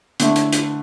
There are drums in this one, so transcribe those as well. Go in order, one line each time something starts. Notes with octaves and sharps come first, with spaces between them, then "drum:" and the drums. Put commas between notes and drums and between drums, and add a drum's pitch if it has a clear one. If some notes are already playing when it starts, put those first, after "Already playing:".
D3 A3 E4, drum: hi-hat
drum: hi-hat
drum: hi-hat